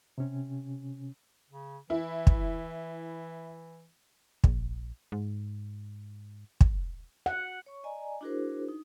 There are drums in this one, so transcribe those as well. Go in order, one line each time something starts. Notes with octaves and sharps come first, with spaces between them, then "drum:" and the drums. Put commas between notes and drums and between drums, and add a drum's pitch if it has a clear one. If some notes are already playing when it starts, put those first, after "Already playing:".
C3 C#4
C#3
E3 E4
drum: kick
A#1, drum: kick
G#2
drum: kick
F#5
C#5 C#6
D5 D#5 G#5 A#5
D4 E4 F#4 G#4 A#4 C5
D#4